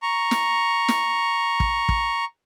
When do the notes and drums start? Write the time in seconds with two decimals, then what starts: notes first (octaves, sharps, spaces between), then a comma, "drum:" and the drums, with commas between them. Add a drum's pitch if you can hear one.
0.03 A#5 C#6
0.31 drum: snare
0.88 drum: snare
1.60 drum: kick
1.89 drum: kick